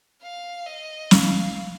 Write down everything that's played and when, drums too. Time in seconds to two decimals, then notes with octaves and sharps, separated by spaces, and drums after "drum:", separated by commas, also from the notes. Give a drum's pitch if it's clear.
0.22 F5
0.66 D#5
1.11 F5, drum: snare